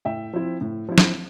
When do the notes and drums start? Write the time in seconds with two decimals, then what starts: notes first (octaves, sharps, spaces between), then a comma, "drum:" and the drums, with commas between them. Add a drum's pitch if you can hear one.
0.05 A2 E5 G5
0.33 F3 C4 E4
0.61 A2
0.89 F3 C4 E4
0.98 drum: snare